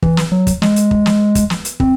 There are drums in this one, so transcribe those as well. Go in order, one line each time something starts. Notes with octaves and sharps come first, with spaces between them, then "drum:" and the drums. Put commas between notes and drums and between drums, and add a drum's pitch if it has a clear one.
E3, drum: kick
drum: snare
F#3
drum: kick, hi-hat
G#3, drum: snare
drum: hi-hat
drum: kick
drum: snare
drum: kick, hi-hat
drum: snare
drum: hi-hat
C4, drum: kick